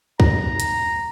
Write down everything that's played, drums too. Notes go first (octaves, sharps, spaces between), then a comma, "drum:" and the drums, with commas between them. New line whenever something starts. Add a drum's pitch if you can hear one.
A#5, drum: kick
drum: hi-hat